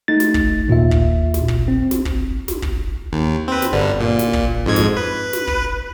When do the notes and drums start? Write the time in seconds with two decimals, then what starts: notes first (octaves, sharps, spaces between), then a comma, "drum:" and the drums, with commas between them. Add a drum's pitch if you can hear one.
0.08 A3 D#4 A6
0.20 drum: snare
0.34 drum: kick
0.68 D#2 A#2 F4 E5
0.91 drum: kick
1.34 drum: snare
1.48 drum: kick
1.68 C4
1.91 drum: snare
2.05 drum: kick
2.48 drum: snare
2.62 drum: kick
3.13 D#2
3.48 C4 B4
3.62 drum: snare
3.72 G1 G2 D3
4.01 A#2
4.19 drum: snare
4.33 drum: kick
4.66 F2 G#2 G#6
4.76 drum: snare
4.97 B4
5.33 drum: snare
5.47 drum: kick